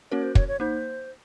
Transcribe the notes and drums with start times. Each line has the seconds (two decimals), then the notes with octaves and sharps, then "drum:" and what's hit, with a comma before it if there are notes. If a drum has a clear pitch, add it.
0.11 A#3 C#4 F#4 A#4 C#5
0.23 C5
0.35 C#5, drum: kick
0.48 C#5
0.60 A#3 D#4 C5